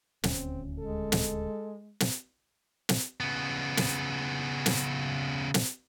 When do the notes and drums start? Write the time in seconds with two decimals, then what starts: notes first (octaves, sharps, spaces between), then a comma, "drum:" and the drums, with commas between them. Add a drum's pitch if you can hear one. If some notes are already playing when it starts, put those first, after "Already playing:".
0.23 D#1 D2 C4 C#4, drum: snare
0.79 G#3 A4
1.12 drum: snare
2.00 drum: snare
2.89 drum: snare
3.20 C#3 B3
3.77 drum: snare
4.66 drum: snare
5.54 drum: snare